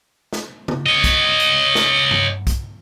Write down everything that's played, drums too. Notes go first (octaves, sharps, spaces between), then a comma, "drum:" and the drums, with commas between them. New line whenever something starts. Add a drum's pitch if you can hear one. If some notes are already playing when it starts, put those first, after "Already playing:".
drum: snare
drum: tom C#3
C#5 D#5
drum: kick, hi-hat
drum: hi-hat
drum: snare
drum: tom G2
drum: kick, hi-hat